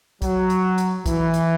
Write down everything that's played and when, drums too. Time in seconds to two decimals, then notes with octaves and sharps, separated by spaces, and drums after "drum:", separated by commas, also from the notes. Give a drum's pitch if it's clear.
0.22 F#3, drum: kick, hi-hat
0.50 drum: hi-hat
0.78 drum: hi-hat
1.06 E3, drum: kick, hi-hat
1.34 drum: hi-hat